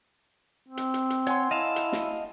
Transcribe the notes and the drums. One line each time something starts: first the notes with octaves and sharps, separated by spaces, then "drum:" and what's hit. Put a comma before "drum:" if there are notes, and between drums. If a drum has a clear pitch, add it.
C4
drum: hi-hat
drum: hi-hat
drum: hi-hat
C#5 F#5 G#5 C6, drum: hi-hat
E4 D#5 F5 A5
drum: hi-hat
drum: snare